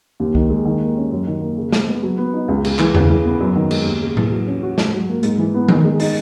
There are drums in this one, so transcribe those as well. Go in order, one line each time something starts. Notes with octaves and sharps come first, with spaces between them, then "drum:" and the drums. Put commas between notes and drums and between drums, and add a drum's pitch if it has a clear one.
D#2
D#3, drum: kick
G#3
D#3
A#3
C#4
F#2
D#3
A#3
C#3
G#3, drum: snare
B3
F#3
B3
D#4
C#2
C#3, drum: cymbal
E3, drum: clap
C#3, drum: tom E2
E3
B3
F#2
D#3
G#3, drum: cymbal
D#2
C#3
E3, drum: tom A2
F#3
C#4
F#4
G#2, drum: snare
F#3
A#3
G#2, drum: hi-hat
E3
B3
D#3, drum: tom D#3
G#3
D#4, drum: open hi-hat